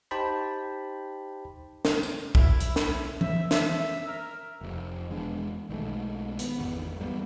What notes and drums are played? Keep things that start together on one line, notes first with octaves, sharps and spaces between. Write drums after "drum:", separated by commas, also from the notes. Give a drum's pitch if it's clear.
D#4 G4 C5 G5 A5 B5
drum: snare
drum: tambourine
E4, drum: kick
drum: hi-hat
E4, drum: snare
E5, drum: tom E3
E5, drum: snare
A#4
F1 F2
E1 E2 G#3 D4
B1 D#3 G#3 A3
B3, drum: hi-hat
G#1 E2 D#3
G3 A#3 B3